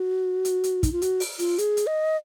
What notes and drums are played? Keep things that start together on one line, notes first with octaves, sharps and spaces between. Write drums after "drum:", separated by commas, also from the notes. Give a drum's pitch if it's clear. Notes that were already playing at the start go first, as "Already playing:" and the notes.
Already playing: F#4
drum: hi-hat
drum: hi-hat
D#4, drum: kick, hi-hat
F4
F#4, drum: hi-hat
drum: open hi-hat
F4, drum: hi-hat
G#4, drum: hi-hat
drum: hi-hat
D#5